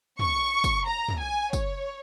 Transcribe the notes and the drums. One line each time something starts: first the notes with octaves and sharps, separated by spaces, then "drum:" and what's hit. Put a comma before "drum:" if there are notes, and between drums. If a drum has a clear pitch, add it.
C#6, drum: tom
drum: kick, tambourine
A#5
drum: tom
G#5
C#5, drum: kick, tambourine